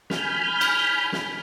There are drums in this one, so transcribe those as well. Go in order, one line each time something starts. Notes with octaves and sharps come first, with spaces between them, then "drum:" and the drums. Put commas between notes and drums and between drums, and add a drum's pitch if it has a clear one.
G#5 B5 F6 G6, drum: snare
drum: cymbal
drum: snare